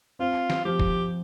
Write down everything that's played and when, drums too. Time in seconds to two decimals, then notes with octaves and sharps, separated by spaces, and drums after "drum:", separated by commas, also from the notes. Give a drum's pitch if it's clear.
0.19 C4 F4
0.50 drum: snare
0.65 F3 G4
0.80 drum: kick